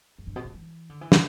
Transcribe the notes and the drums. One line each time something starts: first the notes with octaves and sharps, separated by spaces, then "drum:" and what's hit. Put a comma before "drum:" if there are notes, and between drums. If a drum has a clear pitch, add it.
F#2
G2
B2
C#3
E3
D3
E3
D3, drum: snare